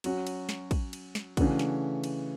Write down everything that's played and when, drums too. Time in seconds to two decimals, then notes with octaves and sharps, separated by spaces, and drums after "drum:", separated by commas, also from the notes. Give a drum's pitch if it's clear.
0.04 F#3 C#4 F#4, drum: cymbal
0.27 drum: cymbal
0.49 drum: snare
0.71 drum: kick, cymbal
0.93 drum: cymbal
1.15 drum: snare
1.37 C#3 E3 A3 D4 F#4, drum: kick, cymbal
1.59 drum: snare
2.04 drum: cymbal